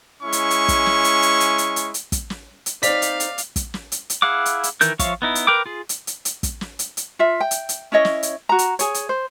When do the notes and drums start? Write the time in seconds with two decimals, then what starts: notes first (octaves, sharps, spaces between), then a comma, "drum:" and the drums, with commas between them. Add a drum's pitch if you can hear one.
0.23 G#3 C#4 E4 C#6
0.33 drum: hi-hat
0.50 drum: hi-hat
0.68 drum: kick, hi-hat
0.86 drum: snare
1.04 drum: hi-hat
1.22 drum: hi-hat
1.40 drum: hi-hat
1.58 drum: hi-hat
1.76 drum: hi-hat
1.94 drum: hi-hat
2.12 drum: kick, hi-hat
2.30 drum: snare
2.66 drum: hi-hat
2.83 C4 D#4 D5 F5 B6, drum: hi-hat
3.02 drum: hi-hat
3.20 drum: hi-hat
3.38 drum: hi-hat
3.56 drum: kick, hi-hat
3.74 drum: snare
3.92 drum: hi-hat
4.10 drum: hi-hat
4.22 E4 G#4 F5 F#5 D6
4.46 drum: hi-hat
4.63 drum: hi-hat
4.81 D#3 E3 A#4 G6, drum: hi-hat
4.99 F3 C#5 E5 F5 C#6, drum: kick, hi-hat
5.22 B3 D#4 E4
5.35 drum: hi-hat
5.47 A#4 B4 G5 D6
5.66 F4 G#4
5.89 drum: hi-hat
6.07 drum: hi-hat
6.25 drum: hi-hat
6.43 drum: kick, hi-hat
6.61 drum: snare
6.79 drum: hi-hat
6.97 drum: hi-hat
7.19 F4 E5
7.40 G5
7.51 drum: hi-hat
7.69 drum: hi-hat
7.92 C#4 E4 C#5 D#5
8.05 drum: snare
8.23 drum: hi-hat
8.49 F#4 A#5
8.59 drum: hi-hat
8.79 G#4 C#5, drum: hi-hat
8.94 drum: hi-hat
9.09 C5